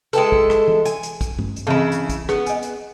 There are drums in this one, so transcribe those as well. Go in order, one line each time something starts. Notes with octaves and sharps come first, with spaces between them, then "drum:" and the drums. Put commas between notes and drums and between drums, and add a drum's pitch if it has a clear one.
G#3 E4 A4 B4 G5, drum: hi-hat
drum: kick
drum: rim click
drum: tom E3
G#5, drum: hi-hat
drum: hi-hat
drum: kick, hi-hat
drum: tom G2
drum: hi-hat
C#3 E3 C4 E4 A5
drum: hi-hat
drum: kick, hi-hat
B3 G#4, drum: rim click
D#5 G#5, drum: hi-hat
drum: hi-hat